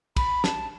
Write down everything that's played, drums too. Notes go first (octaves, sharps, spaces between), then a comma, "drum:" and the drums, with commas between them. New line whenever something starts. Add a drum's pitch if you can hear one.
B5, drum: kick, cymbal
A5, drum: snare